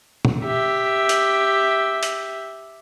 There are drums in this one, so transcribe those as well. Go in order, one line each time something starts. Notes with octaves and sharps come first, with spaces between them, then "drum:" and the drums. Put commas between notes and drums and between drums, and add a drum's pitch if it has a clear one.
drum: tom
G4 E5
drum: hi-hat
drum: hi-hat